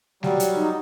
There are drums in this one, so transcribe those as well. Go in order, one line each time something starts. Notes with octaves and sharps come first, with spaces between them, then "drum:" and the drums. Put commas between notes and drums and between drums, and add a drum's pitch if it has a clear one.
F#3 G3, drum: snare G3
drum: hi-hat
D#4